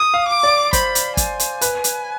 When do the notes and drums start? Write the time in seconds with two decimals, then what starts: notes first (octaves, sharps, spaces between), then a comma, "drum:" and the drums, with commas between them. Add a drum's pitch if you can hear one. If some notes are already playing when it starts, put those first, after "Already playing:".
Already playing: D#6
0.14 F5
0.28 D6
0.43 D5
0.73 C5 B5, drum: kick, hi-hat
0.95 drum: hi-hat
1.17 G#5, drum: kick, hi-hat
1.40 drum: hi-hat
1.61 B4, drum: hi-hat
1.84 drum: hi-hat